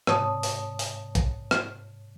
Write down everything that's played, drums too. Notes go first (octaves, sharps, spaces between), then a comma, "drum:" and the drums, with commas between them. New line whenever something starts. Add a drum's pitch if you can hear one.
G#2 C3 C#5 D5 A5 D#6, drum: rim click
drum: open hi-hat
drum: open hi-hat
drum: kick A#1, hi-hat
drum: rim click